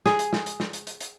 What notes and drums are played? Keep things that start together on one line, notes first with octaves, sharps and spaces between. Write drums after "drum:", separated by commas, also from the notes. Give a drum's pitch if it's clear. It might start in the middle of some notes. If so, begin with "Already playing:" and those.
G#4, drum: snare
drum: hi-hat
drum: snare
drum: hi-hat
drum: snare
drum: hi-hat
drum: hi-hat
drum: hi-hat